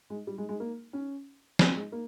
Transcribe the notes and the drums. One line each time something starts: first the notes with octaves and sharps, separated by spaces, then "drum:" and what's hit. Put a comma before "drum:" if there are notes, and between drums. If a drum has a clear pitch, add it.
G#3
G3
G#3
G#3
A#3
C#4
B3, drum: snare
G#3
A#3